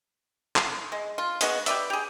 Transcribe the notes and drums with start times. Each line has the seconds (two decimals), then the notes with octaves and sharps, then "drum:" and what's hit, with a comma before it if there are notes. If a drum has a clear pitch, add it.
0.56 drum: clap
0.92 G#3
1.18 F4
1.41 G#3 B3 F#4, drum: hi-hat
1.66 G4 B4 D5 E5, drum: hi-hat
1.90 G4 G#4